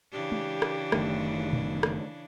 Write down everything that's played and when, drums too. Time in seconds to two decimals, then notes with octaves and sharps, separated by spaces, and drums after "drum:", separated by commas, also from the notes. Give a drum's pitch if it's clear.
0.12 C#3 E3 D4 G4
0.32 drum: tom G#3
0.62 drum: rim click
0.92 F#1 D#3 A3, drum: rim click
1.53 drum: tom A#2
1.83 drum: rim click